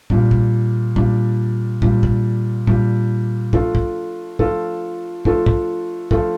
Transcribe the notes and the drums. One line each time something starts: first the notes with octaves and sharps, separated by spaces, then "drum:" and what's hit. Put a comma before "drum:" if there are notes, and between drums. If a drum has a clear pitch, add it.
A#2 G3 D4, drum: kick
drum: kick
A#2 G3 D4, drum: kick
A#2 G3 D4, drum: kick
drum: kick
A#2 G3 D4, drum: kick
F3 A3 D4 F4 A4, drum: kick
drum: kick
F3 A3 D4 F4 A4, drum: kick
F3 A3 D4 F4 A4, drum: kick
drum: kick
F3 A3 D4 F4 A4, drum: kick